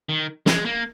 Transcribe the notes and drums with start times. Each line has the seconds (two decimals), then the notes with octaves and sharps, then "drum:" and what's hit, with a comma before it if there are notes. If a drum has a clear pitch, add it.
0.09 D#3
0.46 G#3, drum: snare
0.65 A#3